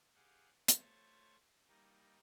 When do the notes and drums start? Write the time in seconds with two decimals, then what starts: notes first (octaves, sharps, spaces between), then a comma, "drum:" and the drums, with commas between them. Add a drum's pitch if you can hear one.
0.16 G4 G#4 F5 F#5
0.68 A3 F4 C5 C#5 C#6 A6, drum: hi-hat
1.68 G3 A#3 D#4